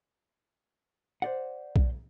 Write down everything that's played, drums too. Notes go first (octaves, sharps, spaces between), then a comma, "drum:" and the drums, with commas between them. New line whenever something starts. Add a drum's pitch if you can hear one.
C5 D5 F#5
drum: kick B1